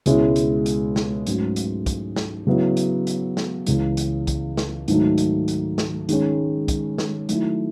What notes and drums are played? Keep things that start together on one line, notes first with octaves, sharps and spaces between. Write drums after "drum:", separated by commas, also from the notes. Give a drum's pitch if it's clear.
C#2 B2 G#3 C#4 E4, drum: hi-hat
drum: hi-hat
drum: hi-hat
drum: snare
G#2 F#3 A3 C#4 F#4, drum: hi-hat
drum: hi-hat
drum: kick, hi-hat
drum: snare
C#3 F#3 B3 E4
drum: hi-hat
drum: hi-hat
drum: snare
C#2 C#3 E3, drum: hi-hat
drum: hi-hat
drum: kick, hi-hat
drum: snare
G#2 D#3 F#3 A3 D#4, drum: hi-hat
drum: hi-hat
drum: hi-hat
drum: snare
D#3 G#3 C#4, drum: hi-hat
drum: kick, hi-hat
drum: snare
D#3 F#3 A3 E4, drum: hi-hat